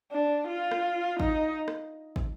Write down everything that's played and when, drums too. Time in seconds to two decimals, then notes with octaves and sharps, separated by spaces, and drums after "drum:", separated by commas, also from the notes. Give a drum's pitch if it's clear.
0.12 D4
0.48 F4
0.71 drum: rim click
1.20 D#4, drum: kick
1.68 drum: rim click
2.16 drum: kick